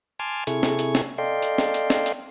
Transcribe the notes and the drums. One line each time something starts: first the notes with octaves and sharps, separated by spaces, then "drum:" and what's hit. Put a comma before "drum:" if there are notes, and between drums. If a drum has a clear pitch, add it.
G#5 A5 C6 D6 F6 G#6
C3 E4 G#4 A4 C#6 G#6, drum: hi-hat
drum: snare
drum: hi-hat
drum: snare
A4 D5 D#5 F5 G5 C6
drum: hi-hat
drum: snare
drum: hi-hat
drum: snare
drum: hi-hat